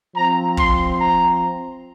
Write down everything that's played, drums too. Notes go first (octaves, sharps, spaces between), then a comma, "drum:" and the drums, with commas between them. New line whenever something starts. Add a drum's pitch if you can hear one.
F3 C4 A#5
C6, drum: kick
A#5